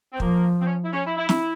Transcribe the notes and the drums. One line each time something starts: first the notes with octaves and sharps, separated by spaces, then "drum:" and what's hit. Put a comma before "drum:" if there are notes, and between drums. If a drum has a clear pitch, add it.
C4
F3 A#3, drum: kick
C4
C#4
E4
C#4
E4
E4
E4, drum: snare